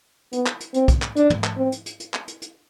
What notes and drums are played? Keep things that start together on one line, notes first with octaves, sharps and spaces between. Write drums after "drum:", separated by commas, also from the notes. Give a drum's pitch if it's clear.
B3, drum: hi-hat
drum: clap
drum: hi-hat
C4, drum: hi-hat
drum: kick, hi-hat
drum: clap
D4, drum: hi-hat
drum: tom
drum: clap
C4
drum: hi-hat
drum: hi-hat
drum: hi-hat
drum: clap
drum: hi-hat
drum: hi-hat